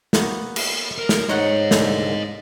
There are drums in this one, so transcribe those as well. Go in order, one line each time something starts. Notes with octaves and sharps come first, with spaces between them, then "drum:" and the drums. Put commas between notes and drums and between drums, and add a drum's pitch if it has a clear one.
A#3 B3 F#4, drum: snare
drum: cymbal
A#4
drum: snare
G#2 D#4 C5 C#5 D#5 F#5
C2 D3 A#3, drum: snare